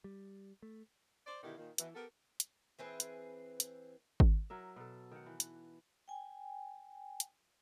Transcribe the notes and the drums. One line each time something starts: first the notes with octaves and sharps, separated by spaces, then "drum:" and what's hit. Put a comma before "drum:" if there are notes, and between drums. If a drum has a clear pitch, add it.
G3
A3
C5 D5
B2 D3 D#3 E4 G4
A#2 D#3
B2 E3, drum: hi-hat
B3 G4 A4 A#4
drum: hi-hat
E3 C4 G#4 B4
drum: hi-hat
drum: hi-hat
drum: kick G#1
F#3 A#4 E5
B2 A4
D#3 F#5
E3
drum: hi-hat
G5 G#5
drum: hi-hat